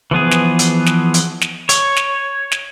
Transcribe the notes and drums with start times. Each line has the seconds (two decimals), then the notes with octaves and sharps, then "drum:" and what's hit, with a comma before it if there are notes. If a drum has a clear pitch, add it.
0.11 E3 F3 B3 G#4
0.31 drum: snare
0.59 drum: hi-hat
0.86 drum: snare
1.14 drum: hi-hat
1.41 drum: snare
1.69 C#5, drum: hi-hat
1.96 drum: snare
2.52 drum: snare